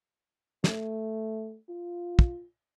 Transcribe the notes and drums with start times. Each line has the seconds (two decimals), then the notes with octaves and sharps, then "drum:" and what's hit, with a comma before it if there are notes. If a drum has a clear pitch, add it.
0.64 A3, drum: snare
1.69 F4
2.19 drum: kick